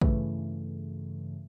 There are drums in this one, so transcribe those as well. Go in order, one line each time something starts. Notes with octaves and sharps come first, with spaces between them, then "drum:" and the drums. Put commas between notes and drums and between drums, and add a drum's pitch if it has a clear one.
G2 C#3 E3 A3, drum: kick